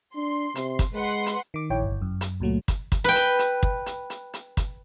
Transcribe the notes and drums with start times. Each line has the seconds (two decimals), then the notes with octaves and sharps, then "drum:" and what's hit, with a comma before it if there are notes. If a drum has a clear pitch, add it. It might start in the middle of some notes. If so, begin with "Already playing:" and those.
0.15 D4 C6
0.55 C3, drum: hi-hat
0.79 drum: kick, hi-hat
0.94 G#3 B4 F#5 C6
1.26 drum: hi-hat
1.54 D#3 D6
1.70 A#1 E4 C#5 G5
1.82 G1
2.02 F#2
2.21 drum: hi-hat
2.40 C#2 A#2 F#3 A3
2.68 drum: kick, hi-hat
2.92 drum: kick, hi-hat
3.04 B4 G5
3.15 drum: hi-hat
3.39 drum: hi-hat
3.63 drum: kick
3.86 drum: hi-hat
4.10 drum: hi-hat
4.34 drum: hi-hat
4.57 drum: kick, hi-hat